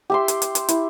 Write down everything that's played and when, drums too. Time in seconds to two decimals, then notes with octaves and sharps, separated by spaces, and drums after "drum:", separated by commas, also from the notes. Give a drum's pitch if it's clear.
0.10 G4 E5 C6
0.28 drum: hi-hat
0.42 drum: hi-hat
0.55 drum: hi-hat
0.69 E4, drum: hi-hat